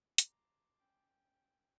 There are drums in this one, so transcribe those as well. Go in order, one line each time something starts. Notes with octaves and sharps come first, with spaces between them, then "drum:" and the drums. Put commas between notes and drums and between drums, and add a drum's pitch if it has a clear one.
A5 A#5 C6 D6, drum: hi-hat
C#4 G5